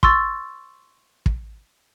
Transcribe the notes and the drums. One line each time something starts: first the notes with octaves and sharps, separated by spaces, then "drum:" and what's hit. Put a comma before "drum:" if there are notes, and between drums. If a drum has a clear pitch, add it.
C6 C#6 E6 A6, drum: kick
drum: kick